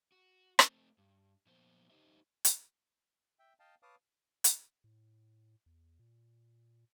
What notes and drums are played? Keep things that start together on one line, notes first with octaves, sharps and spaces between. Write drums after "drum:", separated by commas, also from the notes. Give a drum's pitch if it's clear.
F#4
A3 C4, drum: rim click
G2
A#2 F3 B3 C5
D#4 G4 C5 D#5 E5
drum: hi-hat
E5 G5
D#5 F5 G5 A5
B4 C#5 F5 A5 D6 D#6
drum: hi-hat
A2
E2
A#2